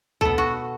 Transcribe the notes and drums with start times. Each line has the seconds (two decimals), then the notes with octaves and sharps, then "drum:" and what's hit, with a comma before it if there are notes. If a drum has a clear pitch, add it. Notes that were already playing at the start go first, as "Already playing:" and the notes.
0.21 B2 B3 A4, drum: kick
0.38 F#4